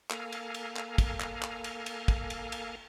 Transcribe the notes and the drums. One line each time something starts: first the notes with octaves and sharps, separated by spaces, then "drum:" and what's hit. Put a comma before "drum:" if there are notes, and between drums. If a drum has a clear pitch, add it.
A#3 A4 F5 G#5 A#5, drum: clap
drum: cymbal
drum: cymbal
drum: clap
drum: kick, cymbal
drum: clap
drum: clap
drum: cymbal
drum: cymbal
drum: kick, cymbal
drum: cymbal
drum: cymbal